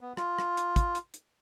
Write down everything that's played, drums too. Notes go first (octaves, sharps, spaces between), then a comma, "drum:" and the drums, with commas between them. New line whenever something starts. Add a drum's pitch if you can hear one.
B3
F4, drum: rim click
drum: rim click
drum: hi-hat
drum: kick, hi-hat
drum: hi-hat
drum: hi-hat